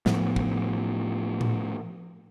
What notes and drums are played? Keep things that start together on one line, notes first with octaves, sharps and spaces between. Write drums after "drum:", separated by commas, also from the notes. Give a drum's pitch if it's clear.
A2 F3 B3, drum: snare
drum: kick
drum: tom A2